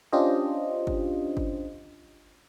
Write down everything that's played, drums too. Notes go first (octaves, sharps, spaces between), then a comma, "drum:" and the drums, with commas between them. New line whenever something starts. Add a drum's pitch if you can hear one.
C#4 D4 F4 G4 C5 D#5
drum: kick G1
drum: kick G1